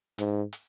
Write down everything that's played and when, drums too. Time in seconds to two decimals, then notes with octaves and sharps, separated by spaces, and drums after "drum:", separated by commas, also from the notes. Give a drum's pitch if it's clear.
0.18 G#2, drum: hi-hat
0.53 drum: hi-hat